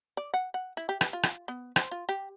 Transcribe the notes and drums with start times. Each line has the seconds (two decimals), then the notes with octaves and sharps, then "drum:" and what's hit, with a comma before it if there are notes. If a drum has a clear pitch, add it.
0.17 D5
0.34 F#5
0.54 F#5
0.77 E4
0.89 G4
1.01 B4, drum: rim click
1.13 F4
1.23 drum: rim click
1.48 B3
1.76 C5, drum: rim click
1.91 F4
2.09 G4